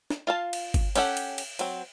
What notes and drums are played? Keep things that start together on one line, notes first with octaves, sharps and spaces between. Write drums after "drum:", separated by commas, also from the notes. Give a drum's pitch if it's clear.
drum: snare
F4 F5 A5
drum: cymbal
drum: kick G1, cymbal
C#4 G4 A4 F#5, drum: cymbal
drum: cymbal
drum: cymbal
F#3 C4, drum: cymbal